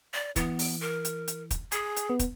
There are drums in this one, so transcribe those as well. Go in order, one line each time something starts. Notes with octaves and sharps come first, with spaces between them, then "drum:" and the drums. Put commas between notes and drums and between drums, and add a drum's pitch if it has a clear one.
D5
E3 B3, drum: kick, hi-hat
drum: open hi-hat
A#4
drum: hi-hat
drum: hi-hat
drum: kick, hi-hat
G#4 G#5, drum: hi-hat
drum: hi-hat
B3
drum: kick, hi-hat